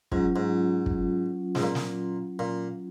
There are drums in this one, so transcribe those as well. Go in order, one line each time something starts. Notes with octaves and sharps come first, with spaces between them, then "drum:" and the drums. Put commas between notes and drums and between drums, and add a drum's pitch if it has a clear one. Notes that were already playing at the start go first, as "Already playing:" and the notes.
G#2 F#3 C#4 F4, drum: kick
G#2
drum: kick
G#2, drum: snare
A#2
drum: snare
A#2